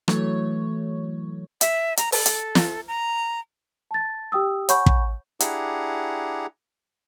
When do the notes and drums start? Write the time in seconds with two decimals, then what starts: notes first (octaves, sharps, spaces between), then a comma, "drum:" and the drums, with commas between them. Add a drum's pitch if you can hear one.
0.08 E3 F#3 A3 C#5, drum: rim click
1.61 E5, drum: hi-hat
1.97 A#5, drum: hi-hat
2.12 A4, drum: open hi-hat
2.26 drum: hi-hat
2.55 drum: snare
2.88 A#5
3.91 A5 A6
4.32 G4 G5 D#6 E6
4.69 C#5 F#5 G#5 B5 C#6 G6, drum: hi-hat
4.86 drum: kick
5.40 D4 E4 G4 G#4 F#5 A#5, drum: hi-hat